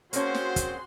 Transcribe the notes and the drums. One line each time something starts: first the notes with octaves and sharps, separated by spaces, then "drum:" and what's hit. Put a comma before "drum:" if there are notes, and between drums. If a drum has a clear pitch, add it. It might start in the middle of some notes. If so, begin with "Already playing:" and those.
A#3 C4 C#4 F#4 G#4 C5 C6, drum: hi-hat
drum: snare
drum: kick, hi-hat